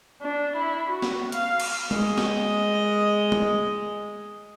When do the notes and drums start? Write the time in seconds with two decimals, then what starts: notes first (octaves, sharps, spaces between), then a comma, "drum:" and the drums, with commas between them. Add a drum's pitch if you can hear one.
0.22 D4
0.57 E4
0.90 F#4
1.02 drum: snare
1.32 F5, drum: hi-hat
1.60 drum: cymbal
1.91 G#3 D#5, drum: tom
2.18 drum: snare
3.32 drum: tom